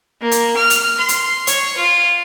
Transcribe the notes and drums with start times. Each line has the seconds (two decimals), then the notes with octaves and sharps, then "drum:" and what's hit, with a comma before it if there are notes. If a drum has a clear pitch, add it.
0.22 A#3
0.31 drum: hi-hat
0.56 F6
0.70 drum: hi-hat
0.98 C6
1.09 drum: hi-hat
1.47 C#5, drum: hi-hat
1.77 F4